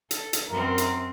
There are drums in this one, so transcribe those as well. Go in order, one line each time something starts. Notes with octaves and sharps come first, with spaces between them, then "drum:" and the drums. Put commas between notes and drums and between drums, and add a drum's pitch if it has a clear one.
A4, drum: hi-hat
drum: hi-hat
F#2 C4 A#4
drum: hi-hat